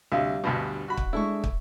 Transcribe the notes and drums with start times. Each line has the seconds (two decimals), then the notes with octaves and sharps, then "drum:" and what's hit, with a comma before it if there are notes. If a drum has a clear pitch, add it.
0.12 D2 C3 G3 G4 F5
0.44 D2 G2 B2
0.88 F#4 B5
0.97 drum: kick
1.13 G#3 A3 D4 E4 C#6
1.44 drum: kick